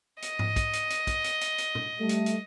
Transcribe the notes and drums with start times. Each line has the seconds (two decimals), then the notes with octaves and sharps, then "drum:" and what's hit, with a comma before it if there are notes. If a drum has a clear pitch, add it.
0.22 D#5, drum: hi-hat
0.39 drum: tom G#2
0.56 drum: kick, hi-hat
0.73 drum: hi-hat
0.90 drum: hi-hat
1.07 drum: kick, hi-hat
1.24 drum: hi-hat
1.41 drum: hi-hat
1.58 drum: hi-hat
1.75 drum: tom
2.00 G3 A3
2.09 drum: hi-hat
2.26 drum: hi-hat